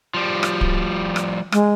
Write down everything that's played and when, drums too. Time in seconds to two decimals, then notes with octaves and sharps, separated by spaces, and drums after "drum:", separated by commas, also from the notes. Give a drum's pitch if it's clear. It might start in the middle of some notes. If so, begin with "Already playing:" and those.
0.14 F3 G3
0.43 drum: rim click
0.61 drum: kick D1
1.16 drum: rim click
1.52 G#3, drum: rim click